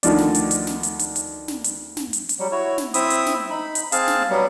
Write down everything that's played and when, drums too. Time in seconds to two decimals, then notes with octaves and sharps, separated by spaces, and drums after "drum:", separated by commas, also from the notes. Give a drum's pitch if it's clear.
0.03 D2 D3 D#3 F3 D#4 D5, drum: hi-hat
0.18 drum: snare
0.35 drum: hi-hat
0.51 drum: hi-hat
0.67 drum: snare
0.83 drum: hi-hat
0.99 drum: hi-hat
1.16 drum: hi-hat
1.48 drum: snare
1.64 drum: hi-hat
1.97 drum: snare
2.13 drum: hi-hat
2.29 drum: hi-hat
2.39 F#3 G3
2.51 E4 F#4 C#5
2.78 drum: snare
2.94 C4 E4 E5 D#6, drum: hi-hat
3.10 drum: hi-hat
3.26 drum: snare
3.50 D#4 B5
3.75 drum: hi-hat
3.92 C4 G#4 F5 A5, drum: hi-hat
4.08 drum: snare
4.30 F#3 G3 B3